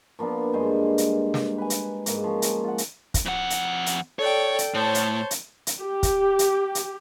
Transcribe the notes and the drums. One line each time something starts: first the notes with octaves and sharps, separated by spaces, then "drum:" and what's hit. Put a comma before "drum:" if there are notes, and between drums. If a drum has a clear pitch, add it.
F3 A#3 B3 D4
G2 G#3 C5 G#5
drum: hi-hat
drum: snare
B4 G#5
drum: hi-hat
G#2 A#3, drum: hi-hat
F3 C#4
drum: hi-hat
F4 F#5
drum: hi-hat
drum: kick, hi-hat
F2 F#5
drum: hi-hat
drum: hi-hat
A4 C#5 D5 G5
drum: hi-hat
A2 C5 C#5 A5
drum: hi-hat
drum: hi-hat
drum: hi-hat
G4
drum: kick, hi-hat
drum: hi-hat
drum: hi-hat